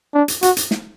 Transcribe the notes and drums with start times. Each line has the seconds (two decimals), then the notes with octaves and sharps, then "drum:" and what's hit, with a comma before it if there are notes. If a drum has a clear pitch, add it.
0.14 D4
0.28 drum: hi-hat
0.42 F#4, drum: hi-hat
0.57 drum: hi-hat
0.71 drum: snare